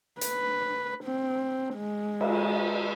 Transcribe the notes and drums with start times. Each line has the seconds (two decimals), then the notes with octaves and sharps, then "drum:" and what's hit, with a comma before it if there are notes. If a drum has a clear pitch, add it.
0.21 B4, drum: hi-hat
1.04 C4
1.75 G#3
2.21 drum: cymbal